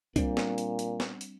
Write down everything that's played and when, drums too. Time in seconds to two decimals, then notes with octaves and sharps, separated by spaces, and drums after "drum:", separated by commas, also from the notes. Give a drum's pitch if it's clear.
0.16 A#2 G3 C4 D4, drum: kick C2, hi-hat
0.37 drum: snare
0.58 drum: hi-hat
0.79 drum: hi-hat
1.00 drum: snare
1.21 drum: hi-hat